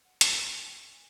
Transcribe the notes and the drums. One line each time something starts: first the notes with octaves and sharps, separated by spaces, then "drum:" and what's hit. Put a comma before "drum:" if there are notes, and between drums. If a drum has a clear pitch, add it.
F#5
drum: hi-hat
G5
G#5